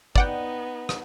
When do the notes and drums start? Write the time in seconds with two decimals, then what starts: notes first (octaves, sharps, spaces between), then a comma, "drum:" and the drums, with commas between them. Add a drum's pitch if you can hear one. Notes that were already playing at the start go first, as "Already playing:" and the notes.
0.16 B3 D#4 D5 F#5 G5, drum: kick
0.89 drum: rim click